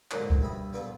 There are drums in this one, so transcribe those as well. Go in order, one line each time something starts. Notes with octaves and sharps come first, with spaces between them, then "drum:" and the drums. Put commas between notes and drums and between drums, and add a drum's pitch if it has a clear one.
G#2 D3 F3 F#3 A#3 D4, drum: clap
drum: kick
G2 E5 B5 D#6
A#1 B3 D4 F4 A4 B4